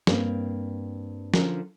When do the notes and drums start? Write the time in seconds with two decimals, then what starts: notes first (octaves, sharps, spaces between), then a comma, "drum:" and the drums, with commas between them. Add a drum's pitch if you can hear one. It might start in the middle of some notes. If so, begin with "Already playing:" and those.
0.07 G2 A#3 C4, drum: snare
1.34 D3 F3 C#4 A#4, drum: snare